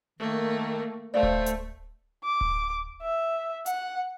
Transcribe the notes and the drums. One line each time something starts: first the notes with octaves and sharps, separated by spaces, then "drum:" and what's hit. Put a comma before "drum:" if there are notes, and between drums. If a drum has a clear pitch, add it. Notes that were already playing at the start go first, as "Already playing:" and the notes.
D#3 A3 A#3
A3 C5 D5 F5
drum: kick D1
drum: hi-hat
D6
drum: kick D1
E5
F#5, drum: hi-hat